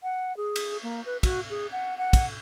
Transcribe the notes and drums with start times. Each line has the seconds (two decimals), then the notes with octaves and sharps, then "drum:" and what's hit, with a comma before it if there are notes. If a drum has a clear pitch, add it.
0.03 F#5
0.37 G#4
0.56 drum: cymbal
0.83 A#3
1.05 B4
1.23 F#4, drum: kick, cymbal
1.50 G#4
1.72 F#5
1.98 F#5
2.13 drum: kick, cymbal